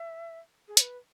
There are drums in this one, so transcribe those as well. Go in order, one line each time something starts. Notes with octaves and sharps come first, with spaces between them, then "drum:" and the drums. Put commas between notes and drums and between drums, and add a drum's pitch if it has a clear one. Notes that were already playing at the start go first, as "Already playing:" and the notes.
Already playing: E5
G#4
C#5, drum: hi-hat
B4